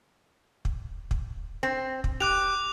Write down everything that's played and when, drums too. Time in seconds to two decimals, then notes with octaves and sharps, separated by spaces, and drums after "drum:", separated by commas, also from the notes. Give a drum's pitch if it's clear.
0.65 drum: kick
1.11 drum: kick
1.63 C4
2.04 drum: kick
2.20 G4 D6 F#6 F7